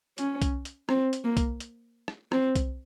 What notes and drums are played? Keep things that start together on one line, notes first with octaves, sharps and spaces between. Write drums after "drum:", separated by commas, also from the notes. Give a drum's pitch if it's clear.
C#4, drum: hi-hat
drum: kick C2, hi-hat
drum: hi-hat
C4, drum: rim click
drum: hi-hat
A#3
drum: kick C2, hi-hat
drum: hi-hat
drum: rim click
C4, drum: rim click
drum: kick C2, hi-hat